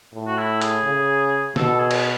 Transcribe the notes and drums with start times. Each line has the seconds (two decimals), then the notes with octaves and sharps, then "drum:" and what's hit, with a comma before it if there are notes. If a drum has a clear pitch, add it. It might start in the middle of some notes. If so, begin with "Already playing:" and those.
0.14 A2
0.27 F#4
0.38 E4
0.61 G#4, drum: hi-hat
0.84 C#3
1.56 B2 A4, drum: snare
1.79 G#4
1.91 drum: cymbal